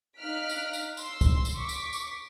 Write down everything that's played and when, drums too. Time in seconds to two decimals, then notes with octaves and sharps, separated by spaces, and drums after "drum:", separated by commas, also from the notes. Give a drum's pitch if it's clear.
0.17 D#4 F5 F6 F#6 B6 D7
0.49 drum: tambourine
0.73 drum: tambourine
0.97 C6 E6, drum: tambourine
1.21 drum: kick, tambourine
1.45 drum: tambourine
1.56 C#6 D6 B6
1.69 drum: tambourine
1.93 drum: tambourine